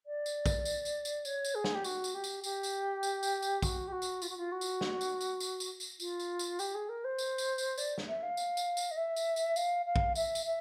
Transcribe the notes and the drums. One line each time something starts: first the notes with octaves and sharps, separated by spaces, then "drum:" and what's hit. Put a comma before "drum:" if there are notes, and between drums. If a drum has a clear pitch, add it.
D5
drum: tambourine
drum: kick, tambourine
drum: tambourine
drum: tambourine
drum: tambourine
C#5, drum: tambourine
drum: tambourine
G#4
drum: snare
G4
F#4, drum: tambourine
drum: tambourine
G4
drum: tambourine
G4, drum: tambourine
drum: tambourine
drum: tambourine
drum: tambourine
drum: tambourine
F#4, drum: kick, tambourine
G4
F#4
drum: tambourine
F4, drum: tambourine
F#4
F4
F#4
drum: tambourine
drum: snare
drum: tambourine
drum: tambourine
drum: tambourine
drum: tambourine
drum: tambourine
F4, drum: tambourine
drum: tambourine
drum: tambourine
G4, drum: tambourine
G#4
A#4
C5
drum: tambourine
drum: tambourine
drum: tambourine
D5, drum: tambourine
drum: snare
E5
F5
drum: tambourine
drum: tambourine
drum: tambourine
D#5
E5
drum: tambourine
drum: tambourine
F5, drum: tambourine
F5
drum: kick
E5, drum: tambourine
drum: tambourine
E5